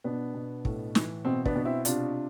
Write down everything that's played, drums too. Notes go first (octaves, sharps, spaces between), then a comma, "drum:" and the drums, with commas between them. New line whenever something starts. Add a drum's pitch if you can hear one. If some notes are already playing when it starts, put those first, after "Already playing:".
B2 B3 D4
B2
A2, drum: kick
E3, drum: snare
B2 C4
B3 D4, drum: kick
B2
C4 E4
C3 D4 F4, drum: hi-hat